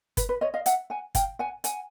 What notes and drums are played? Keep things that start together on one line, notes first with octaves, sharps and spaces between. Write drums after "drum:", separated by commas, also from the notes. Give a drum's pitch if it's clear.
B4, drum: kick G1, hi-hat
B4
C#5 D#5
D#5 F5
E5 F#5, drum: hi-hat
F#5 G#5
F5 G5, drum: kick G1, hi-hat
F#5 G#5
F#5 G#5, drum: hi-hat